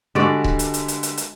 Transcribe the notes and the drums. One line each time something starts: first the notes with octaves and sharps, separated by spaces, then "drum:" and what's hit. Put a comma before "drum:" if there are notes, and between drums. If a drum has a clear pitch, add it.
D3 G3 G#3 F#4 D5
drum: kick C#1
drum: hi-hat
drum: hi-hat
drum: hi-hat
drum: hi-hat
drum: hi-hat